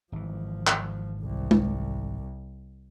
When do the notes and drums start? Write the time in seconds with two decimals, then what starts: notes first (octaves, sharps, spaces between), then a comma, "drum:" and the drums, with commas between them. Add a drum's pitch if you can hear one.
0.12 G#1 E3 F3
0.67 drum: clap
1.20 C2
1.51 drum: tom G#3